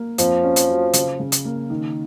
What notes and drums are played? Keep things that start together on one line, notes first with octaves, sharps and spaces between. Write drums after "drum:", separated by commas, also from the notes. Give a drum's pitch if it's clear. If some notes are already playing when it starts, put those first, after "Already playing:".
Already playing: A#3
F2 F3, drum: hi-hat
C#4
drum: hi-hat
F#3
C#3, drum: hi-hat
C#3
drum: hi-hat
A#3
D#3